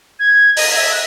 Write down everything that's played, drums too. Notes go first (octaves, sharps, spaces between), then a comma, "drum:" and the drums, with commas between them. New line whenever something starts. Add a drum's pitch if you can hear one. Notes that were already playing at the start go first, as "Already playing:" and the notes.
G#6
D#5, drum: open hi-hat
E5
F#6